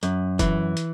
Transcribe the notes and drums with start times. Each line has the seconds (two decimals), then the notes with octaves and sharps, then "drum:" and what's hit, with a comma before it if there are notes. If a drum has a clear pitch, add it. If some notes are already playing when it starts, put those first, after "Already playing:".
0.03 F#2, drum: hi-hat
0.39 E3, drum: kick F1, hi-hat
0.77 drum: hi-hat